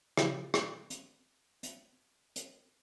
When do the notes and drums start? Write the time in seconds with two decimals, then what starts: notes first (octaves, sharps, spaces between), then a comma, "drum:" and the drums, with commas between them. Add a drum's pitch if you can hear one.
0.17 C#3 F3 F#3 E4 F4 G4, drum: rim click
0.54 drum: rim click
0.90 drum: hi-hat
1.63 drum: hi-hat
2.36 drum: hi-hat